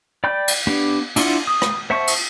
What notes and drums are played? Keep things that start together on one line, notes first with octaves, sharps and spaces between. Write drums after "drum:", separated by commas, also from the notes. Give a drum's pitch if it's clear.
D5 G5 B5 G6
drum: cymbal
B3 D4 G4
D4 E4 F4 D5 F#5, drum: cymbal
D#6
drum: rim click
C5 E5 F#5 A5 C#6
drum: cymbal